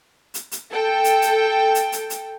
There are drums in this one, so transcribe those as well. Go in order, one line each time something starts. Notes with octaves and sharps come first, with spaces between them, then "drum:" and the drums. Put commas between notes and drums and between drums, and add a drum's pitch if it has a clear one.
drum: hi-hat
drum: hi-hat
A4 G5
drum: hi-hat
drum: hi-hat
drum: hi-hat
drum: hi-hat
drum: hi-hat